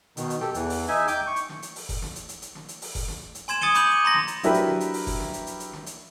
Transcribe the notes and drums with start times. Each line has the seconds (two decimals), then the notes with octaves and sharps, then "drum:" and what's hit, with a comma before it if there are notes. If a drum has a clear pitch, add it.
0.17 B2 D#3, drum: hi-hat
0.30 drum: hi-hat
0.41 G4 A4 G5, drum: snare
0.54 E2 E3, drum: hi-hat
0.70 drum: open hi-hat
0.88 D#4 E5 G#5
1.08 G5 D6 G6, drum: hi-hat
1.27 C#6
1.36 drum: hi-hat
1.49 drum: snare
1.62 drum: hi-hat
1.76 drum: open hi-hat
1.89 drum: kick F#1, open hi-hat
2.02 drum: snare
2.15 drum: hi-hat
2.29 drum: hi-hat
2.42 drum: hi-hat
2.55 drum: snare
2.68 drum: hi-hat
2.82 drum: open hi-hat
2.95 drum: kick F#1, open hi-hat
3.08 drum: snare
3.35 drum: hi-hat
3.48 G#5 C6 G#6 E7, drum: hi-hat
3.61 G#5 D#6 A6 C#7 D#7 G7, drum: snare
3.75 B5 D6 G6 F#7, drum: hi-hat
3.91 D#6
4.05 A#5 C6 A#6
4.14 drum: snare
4.27 drum: hi-hat
4.43 F#3 D4 E4 G4 A#4 B4, drum: hi-hat
4.54 drum: hi-hat
4.67 drum: snare
4.80 drum: hi-hat
4.94 drum: open hi-hat
5.07 drum: kick F#1, open hi-hat
5.20 drum: snare
5.33 drum: hi-hat
5.47 drum: hi-hat
5.60 drum: hi-hat
5.73 drum: snare
5.86 drum: hi-hat